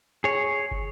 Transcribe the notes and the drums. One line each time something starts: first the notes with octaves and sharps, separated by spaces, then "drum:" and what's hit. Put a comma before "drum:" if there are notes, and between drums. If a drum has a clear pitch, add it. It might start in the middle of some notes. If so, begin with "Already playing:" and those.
G#4 C#5
drum: kick